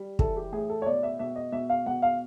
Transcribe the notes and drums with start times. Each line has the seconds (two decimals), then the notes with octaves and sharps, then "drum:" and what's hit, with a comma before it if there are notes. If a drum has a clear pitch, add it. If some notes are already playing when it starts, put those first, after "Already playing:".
Already playing: G3
0.19 E3 A4, drum: kick
0.37 G4
0.52 A2 G#4
0.69 A4
0.82 C#5
0.86 B2 D5
1.03 E5
1.19 B2 E5
1.36 D#5
1.52 B2 E5
1.69 F5
1.86 B2 F#5
2.02 F5